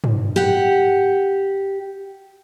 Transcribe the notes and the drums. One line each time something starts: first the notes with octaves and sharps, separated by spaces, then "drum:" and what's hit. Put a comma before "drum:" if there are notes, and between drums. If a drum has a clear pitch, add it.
drum: tom
G4 F#5